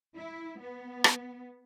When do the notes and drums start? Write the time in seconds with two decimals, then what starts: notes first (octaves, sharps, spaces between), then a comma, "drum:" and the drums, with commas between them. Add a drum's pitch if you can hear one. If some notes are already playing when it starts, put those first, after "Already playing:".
0.16 E4
0.61 B3
1.04 drum: rim click